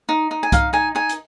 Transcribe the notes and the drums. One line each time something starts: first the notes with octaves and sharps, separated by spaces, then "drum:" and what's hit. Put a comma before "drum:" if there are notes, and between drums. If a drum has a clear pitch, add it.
D#4
D#4
G#5
D#4 F5, drum: kick C2, hi-hat
D#4 G#5
D#4 G#5
drum: hi-hat